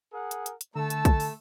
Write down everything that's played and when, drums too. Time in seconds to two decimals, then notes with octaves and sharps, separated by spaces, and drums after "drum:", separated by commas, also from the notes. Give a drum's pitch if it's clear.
0.13 G#4 A#4 F#5
0.31 drum: hi-hat
0.46 drum: hi-hat
0.61 drum: hi-hat
0.76 D3 A3 A4 A5 E6
0.90 drum: hi-hat
1.05 drum: kick, hi-hat
1.20 drum: open hi-hat